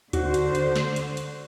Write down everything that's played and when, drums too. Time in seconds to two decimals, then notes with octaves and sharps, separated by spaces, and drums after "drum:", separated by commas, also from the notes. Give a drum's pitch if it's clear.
0.13 D3 F#4 C5, drum: kick D2, hi-hat
0.34 drum: hi-hat
0.55 drum: hi-hat
0.76 drum: snare
0.96 drum: hi-hat
1.17 drum: hi-hat